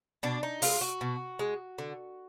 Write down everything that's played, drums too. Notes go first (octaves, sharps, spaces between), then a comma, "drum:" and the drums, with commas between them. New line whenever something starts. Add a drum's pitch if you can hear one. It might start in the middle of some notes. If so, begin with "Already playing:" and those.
B2 D4
D#4
G#3 F4, drum: open hi-hat
F#4
B2
G#3
D3